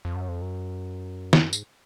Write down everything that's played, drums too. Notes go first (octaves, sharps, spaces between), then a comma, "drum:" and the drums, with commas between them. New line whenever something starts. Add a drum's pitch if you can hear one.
F2
F#2
F2
F#2
F2, drum: snare
F#2
G#2, drum: tambourine